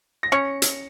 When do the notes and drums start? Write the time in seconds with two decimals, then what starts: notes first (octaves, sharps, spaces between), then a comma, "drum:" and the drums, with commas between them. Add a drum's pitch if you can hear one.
0.23 A#6
0.32 C#4 C#7
0.62 drum: hi-hat